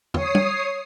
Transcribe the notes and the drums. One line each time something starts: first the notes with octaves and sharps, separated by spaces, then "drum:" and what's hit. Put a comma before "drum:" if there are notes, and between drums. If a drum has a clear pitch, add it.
C#5 D#6 C7, drum: tom
drum: tom